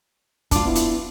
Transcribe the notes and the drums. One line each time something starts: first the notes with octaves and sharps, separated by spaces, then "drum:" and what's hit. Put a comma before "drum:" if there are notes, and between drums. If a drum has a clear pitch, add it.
D4 F4 A5 D6, drum: kick, hi-hat
B3 E4
drum: hi-hat